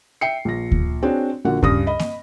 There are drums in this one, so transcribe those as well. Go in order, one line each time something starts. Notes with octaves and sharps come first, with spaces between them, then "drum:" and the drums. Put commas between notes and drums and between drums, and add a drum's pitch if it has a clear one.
E5 G5 C7 C#7
A#1 A#6
drum: kick D2
C4 D4 F#4 G#4 C#5
A#1 D3 A#3 F#4 F#5
G2 C#3 D#6 A#6, drum: kick D2
D#5 B5
drum: snare A#3